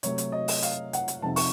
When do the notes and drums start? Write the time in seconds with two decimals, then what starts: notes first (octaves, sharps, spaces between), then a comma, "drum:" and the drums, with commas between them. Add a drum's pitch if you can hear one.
0.03 C3 F#3 A3 C#5, drum: hi-hat
0.18 drum: hi-hat
0.32 D#5
0.48 drum: open hi-hat
0.62 F5, drum: hi-hat
0.93 F#5, drum: hi-hat
1.08 drum: hi-hat
1.22 F2 C3 F3 C4 D#4 A5
1.36 C#6, drum: open hi-hat